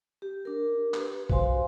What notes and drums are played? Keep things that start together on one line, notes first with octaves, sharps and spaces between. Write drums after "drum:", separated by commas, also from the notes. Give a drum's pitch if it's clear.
G4
D4 A#4
G4 B4, drum: clap
F#4 C5 F5 G#5 C6, drum: kick B1